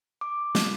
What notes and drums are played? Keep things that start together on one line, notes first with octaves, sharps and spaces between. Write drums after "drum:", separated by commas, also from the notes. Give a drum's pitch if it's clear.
D6
drum: snare